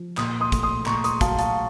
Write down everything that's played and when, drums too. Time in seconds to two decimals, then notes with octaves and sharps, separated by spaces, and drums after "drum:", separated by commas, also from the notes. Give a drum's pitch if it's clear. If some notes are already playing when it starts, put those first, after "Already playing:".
Already playing: F3
0.17 A#2 C6 D#6, drum: clap
0.40 C6 D#6
0.52 A3, drum: kick, hi-hat
0.63 C6 D#6
0.86 A#2 A#5 C#6, drum: clap
1.04 C6 D#6, drum: hi-hat
1.21 F#3 F5 A5, drum: kick, hi-hat
1.39 F5 A5, drum: hi-hat